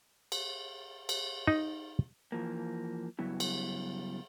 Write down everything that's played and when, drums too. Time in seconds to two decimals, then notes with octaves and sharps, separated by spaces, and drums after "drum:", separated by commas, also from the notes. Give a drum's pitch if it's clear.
0.32 drum: cymbal
1.09 drum: cymbal
1.47 D#4
2.32 E3 F3 A#3
3.19 G2 C#3 F#3 B3 E4
3.40 drum: cymbal